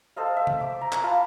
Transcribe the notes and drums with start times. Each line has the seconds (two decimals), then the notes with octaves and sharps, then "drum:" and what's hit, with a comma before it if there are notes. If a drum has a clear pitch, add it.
0.16 A4 C5 D#5 F5
0.37 E5
0.47 drum: tom C3
0.61 D6
0.81 A#5
0.92 drum: clap
1.03 F4 F5 A5 B5